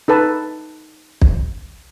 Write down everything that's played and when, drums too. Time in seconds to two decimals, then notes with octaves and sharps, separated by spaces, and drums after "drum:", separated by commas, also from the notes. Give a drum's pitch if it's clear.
0.08 D#4 A4 B4 A5
1.22 drum: kick